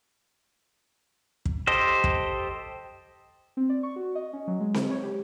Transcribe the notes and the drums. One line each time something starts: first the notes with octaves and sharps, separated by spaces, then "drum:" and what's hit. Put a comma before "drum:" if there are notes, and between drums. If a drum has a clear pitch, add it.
drum: kick
G4 A4 C5 D#5
drum: kick
C4
D5
C#6
F#4
D#5
C#4
F#3
G#3
C5, drum: snare C4
C#5
G4